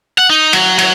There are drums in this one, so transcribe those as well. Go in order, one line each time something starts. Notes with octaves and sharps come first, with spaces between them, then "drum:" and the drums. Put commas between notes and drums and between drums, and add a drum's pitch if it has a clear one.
F#5
D#4
F#3, drum: cymbal
F#3, drum: cymbal